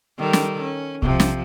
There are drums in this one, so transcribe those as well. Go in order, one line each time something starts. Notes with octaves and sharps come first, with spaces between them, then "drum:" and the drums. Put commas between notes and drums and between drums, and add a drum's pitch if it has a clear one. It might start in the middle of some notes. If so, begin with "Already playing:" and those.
D#3 G3 A4
drum: snare
C#4
C3 F3, drum: kick
drum: snare